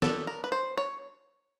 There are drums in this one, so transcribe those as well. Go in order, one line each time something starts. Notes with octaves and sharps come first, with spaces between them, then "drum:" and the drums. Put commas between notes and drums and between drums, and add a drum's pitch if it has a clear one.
F#3 B3 D4 A4, drum: snare
A#4
B4
C5
C#5